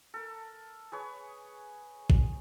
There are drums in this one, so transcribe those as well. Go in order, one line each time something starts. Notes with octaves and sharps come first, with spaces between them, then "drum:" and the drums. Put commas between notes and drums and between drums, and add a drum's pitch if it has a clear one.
A4 A#4
G#4 B4 C#5
drum: kick